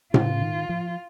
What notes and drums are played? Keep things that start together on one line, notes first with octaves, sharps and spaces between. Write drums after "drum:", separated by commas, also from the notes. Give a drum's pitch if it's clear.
C#3 F4, drum: tom A2
D#3
F3